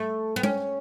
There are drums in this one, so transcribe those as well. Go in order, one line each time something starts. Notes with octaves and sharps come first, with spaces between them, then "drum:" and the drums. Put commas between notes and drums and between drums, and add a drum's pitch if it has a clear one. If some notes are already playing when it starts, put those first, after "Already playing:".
Already playing: A3
B3
C#4, drum: tom G#3